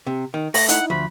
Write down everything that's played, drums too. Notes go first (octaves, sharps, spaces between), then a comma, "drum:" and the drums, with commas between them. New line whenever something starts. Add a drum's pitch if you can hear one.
C3
D#3
A3 A#6, drum: open hi-hat
D#4 E4 F#5, drum: hi-hat
D2 F3 B5